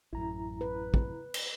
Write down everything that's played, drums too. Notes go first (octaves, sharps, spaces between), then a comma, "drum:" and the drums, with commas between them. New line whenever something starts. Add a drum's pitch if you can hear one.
A1 F#2 E4 A#5
B4
drum: kick
drum: cymbal